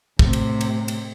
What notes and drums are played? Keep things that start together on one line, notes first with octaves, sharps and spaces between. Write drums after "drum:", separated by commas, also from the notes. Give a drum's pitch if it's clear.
A2 C3, drum: kick
drum: cymbal
drum: cymbal
drum: cymbal